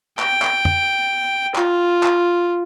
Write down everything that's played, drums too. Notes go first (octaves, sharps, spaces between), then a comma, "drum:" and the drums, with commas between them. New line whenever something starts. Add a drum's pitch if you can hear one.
G5, drum: clap
drum: clap
drum: tom F2
F4, drum: clap
drum: clap